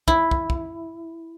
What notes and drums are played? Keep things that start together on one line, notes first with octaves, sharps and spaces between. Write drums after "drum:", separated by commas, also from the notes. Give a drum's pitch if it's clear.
E4, drum: kick
drum: kick
drum: kick